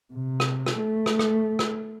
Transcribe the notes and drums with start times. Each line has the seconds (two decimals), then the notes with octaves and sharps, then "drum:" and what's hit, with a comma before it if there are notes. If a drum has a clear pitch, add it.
0.13 C3
0.40 drum: rim click
0.66 drum: rim click
0.79 A3
1.06 drum: rim click
1.19 drum: rim click
1.59 drum: rim click